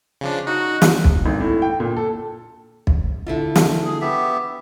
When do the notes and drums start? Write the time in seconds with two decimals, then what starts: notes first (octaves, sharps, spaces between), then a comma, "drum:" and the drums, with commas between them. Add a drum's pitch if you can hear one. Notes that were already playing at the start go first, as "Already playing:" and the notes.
0.21 C#3 F3 D4
0.47 D#4 F#4
0.82 drum: snare
1.04 drum: kick
1.26 G#1
1.41 A2
1.62 G5
1.80 A#2
1.97 A4
2.87 drum: kick
3.27 D3 E4 F4
3.56 drum: snare
3.85 G#4
4.01 B3 G4 E5